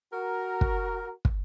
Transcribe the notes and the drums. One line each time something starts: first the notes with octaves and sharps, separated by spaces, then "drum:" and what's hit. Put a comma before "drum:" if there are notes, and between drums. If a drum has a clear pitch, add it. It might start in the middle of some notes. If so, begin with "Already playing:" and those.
F#4 A#4
drum: kick
drum: kick